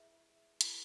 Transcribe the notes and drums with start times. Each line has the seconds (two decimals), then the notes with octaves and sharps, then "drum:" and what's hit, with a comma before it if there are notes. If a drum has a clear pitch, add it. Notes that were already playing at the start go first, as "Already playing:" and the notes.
Already playing: E4 G#4 B4 E5
0.61 E4 G#4 B4, drum: hi-hat